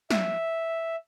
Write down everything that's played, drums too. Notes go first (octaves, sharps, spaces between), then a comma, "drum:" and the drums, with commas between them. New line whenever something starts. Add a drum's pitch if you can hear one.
E5, drum: snare